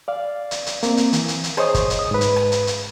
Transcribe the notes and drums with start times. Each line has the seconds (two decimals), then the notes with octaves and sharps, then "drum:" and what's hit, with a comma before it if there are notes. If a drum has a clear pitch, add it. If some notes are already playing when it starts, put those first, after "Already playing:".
0.08 D5 F5
0.51 drum: hi-hat
0.66 drum: hi-hat
0.83 A#3 C4, drum: hi-hat
0.97 drum: hi-hat
1.13 E3, drum: hi-hat
1.28 drum: hi-hat
1.44 drum: hi-hat
1.57 G#4 C5 C#5 D#5 D#6, drum: rim click
1.75 drum: kick, hi-hat
1.90 drum: hi-hat
1.99 D#6
2.11 G#2 B4
2.21 drum: hi-hat
2.36 drum: rim click
2.52 drum: hi-hat
2.67 drum: hi-hat